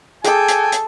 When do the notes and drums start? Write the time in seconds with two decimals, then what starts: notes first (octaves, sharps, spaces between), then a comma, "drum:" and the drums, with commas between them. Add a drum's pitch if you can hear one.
0.24 G#4 A4 G5 G#5 D6, drum: hi-hat
0.48 drum: hi-hat
0.72 drum: hi-hat